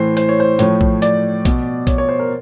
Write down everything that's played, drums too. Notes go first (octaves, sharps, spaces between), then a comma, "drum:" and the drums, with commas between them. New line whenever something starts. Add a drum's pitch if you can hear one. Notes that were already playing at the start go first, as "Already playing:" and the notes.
Already playing: A2 E3 C5
C5, drum: hi-hat
C#5
C5
A2 F3 C#5, drum: hi-hat
drum: kick A#1
D5, drum: hi-hat
B2, drum: kick A#1, hi-hat
C#5, drum: kick A#1, hi-hat
C#5
C5
A#4